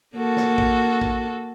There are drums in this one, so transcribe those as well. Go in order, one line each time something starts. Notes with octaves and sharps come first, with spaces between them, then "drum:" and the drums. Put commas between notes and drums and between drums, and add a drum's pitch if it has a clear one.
A#3 F#4 A4
drum: snare
drum: kick
drum: kick